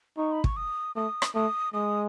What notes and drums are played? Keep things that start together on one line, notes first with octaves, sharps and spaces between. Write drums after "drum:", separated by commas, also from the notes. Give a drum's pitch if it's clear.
D#4 C#6
B5
C#6, drum: kick
D#6
A3 D#6
drum: rim click
A3 D#6
G#3 D#6